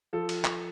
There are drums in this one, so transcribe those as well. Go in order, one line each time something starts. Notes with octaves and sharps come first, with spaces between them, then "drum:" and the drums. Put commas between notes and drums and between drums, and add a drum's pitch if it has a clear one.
F3 A4
drum: cymbal
drum: clap